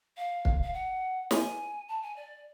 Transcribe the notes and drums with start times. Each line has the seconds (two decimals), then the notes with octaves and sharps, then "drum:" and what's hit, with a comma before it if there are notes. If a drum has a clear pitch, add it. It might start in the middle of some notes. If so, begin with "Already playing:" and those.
0.17 F5
0.45 drum: kick
0.62 F5
0.74 F#5
1.31 G#5, drum: snare
1.88 A5
2.03 G#5
2.16 D5